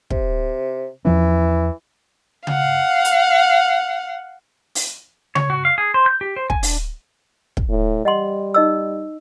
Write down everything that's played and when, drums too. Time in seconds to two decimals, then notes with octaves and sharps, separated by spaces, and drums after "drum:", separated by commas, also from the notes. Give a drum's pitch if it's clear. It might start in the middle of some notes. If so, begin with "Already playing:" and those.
0.10 C3, drum: kick
1.05 E2 E3 F3 C#4
2.47 F5 F#5, drum: tom C#3
3.05 drum: hi-hat
4.75 drum: open hi-hat
5.35 C#5, drum: tom C#3
5.50 F#4
5.65 F5
5.78 G#4
5.94 C5
6.06 G6
6.21 G4
6.36 C5
6.50 G#5, drum: kick
6.63 D4, drum: open hi-hat
7.57 drum: kick
7.69 A2
8.05 G3 D#5 F#5 C6
8.54 D#4 D#5 E6